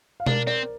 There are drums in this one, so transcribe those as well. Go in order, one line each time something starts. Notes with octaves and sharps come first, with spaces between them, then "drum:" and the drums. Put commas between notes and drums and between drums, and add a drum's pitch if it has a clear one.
F5
D4 A#4 D5, drum: tom B2
C4 A#4 D5